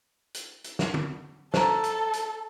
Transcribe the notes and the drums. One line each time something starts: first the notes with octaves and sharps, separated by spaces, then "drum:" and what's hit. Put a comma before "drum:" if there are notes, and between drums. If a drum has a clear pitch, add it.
drum: hi-hat
drum: hi-hat
drum: snare
drum: tom
A4 C5 A#5, drum: snare
drum: hi-hat
drum: hi-hat